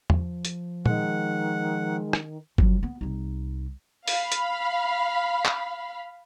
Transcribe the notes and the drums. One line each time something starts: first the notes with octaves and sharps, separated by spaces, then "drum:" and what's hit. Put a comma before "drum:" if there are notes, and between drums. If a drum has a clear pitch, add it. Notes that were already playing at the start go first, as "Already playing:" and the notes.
F3, drum: tom
drum: hi-hat
D#3 G#3 F#5, drum: tom
drum: rim click
F3 F#3, drum: kick
B3
C2 D#4
F5 B5, drum: open hi-hat
drum: hi-hat
drum: clap